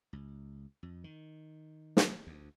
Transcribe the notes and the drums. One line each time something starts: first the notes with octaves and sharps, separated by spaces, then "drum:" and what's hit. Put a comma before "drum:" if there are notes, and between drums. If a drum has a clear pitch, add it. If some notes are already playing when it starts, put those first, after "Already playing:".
C#2
F2
D#3
drum: snare
D2